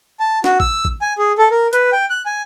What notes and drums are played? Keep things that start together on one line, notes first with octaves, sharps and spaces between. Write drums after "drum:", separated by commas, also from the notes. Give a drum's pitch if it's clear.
A5
F#4, drum: snare
E6, drum: kick A1
drum: kick A1
G#5
G#4
A4
A#4
B4, drum: hi-hat
G5
F#6
G#5